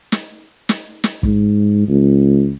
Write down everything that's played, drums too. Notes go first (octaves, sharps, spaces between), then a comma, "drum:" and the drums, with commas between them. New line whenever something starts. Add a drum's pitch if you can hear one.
drum: snare
drum: snare
drum: snare
G#2, drum: kick
C#2